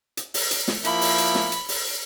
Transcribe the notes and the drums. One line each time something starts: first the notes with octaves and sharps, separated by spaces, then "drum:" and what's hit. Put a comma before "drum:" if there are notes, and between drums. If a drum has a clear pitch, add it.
drum: hi-hat
drum: open hi-hat
drum: hi-hat
drum: snare
F3 A#3 E4 B5, drum: hi-hat
drum: open hi-hat
drum: hi-hat
drum: snare
drum: hi-hat
drum: open hi-hat